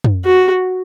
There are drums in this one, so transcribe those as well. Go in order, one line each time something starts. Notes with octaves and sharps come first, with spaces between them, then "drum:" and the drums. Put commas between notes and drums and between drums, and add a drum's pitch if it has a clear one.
drum: tom
F#4